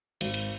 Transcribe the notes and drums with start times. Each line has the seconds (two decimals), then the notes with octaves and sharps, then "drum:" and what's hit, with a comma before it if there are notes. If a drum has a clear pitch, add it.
0.21 G#1, drum: cymbal
0.34 drum: cymbal